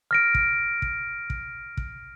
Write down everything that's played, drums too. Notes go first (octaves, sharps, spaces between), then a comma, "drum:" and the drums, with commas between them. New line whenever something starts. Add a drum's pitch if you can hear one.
F6 A#6 D7
drum: kick
drum: kick
drum: kick
drum: kick